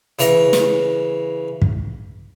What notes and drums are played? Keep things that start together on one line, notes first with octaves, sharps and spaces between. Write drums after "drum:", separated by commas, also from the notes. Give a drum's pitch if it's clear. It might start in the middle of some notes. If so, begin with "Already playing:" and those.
C#3 E3 A#5, drum: hi-hat
drum: snare
drum: kick